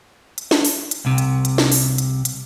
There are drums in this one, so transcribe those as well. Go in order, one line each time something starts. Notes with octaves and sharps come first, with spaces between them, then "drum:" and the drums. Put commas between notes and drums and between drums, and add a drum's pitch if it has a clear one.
drum: hi-hat
drum: snare
drum: open hi-hat
drum: hi-hat
C2 C3
drum: hi-hat
drum: hi-hat
drum: snare
drum: open hi-hat
drum: hi-hat
drum: hi-hat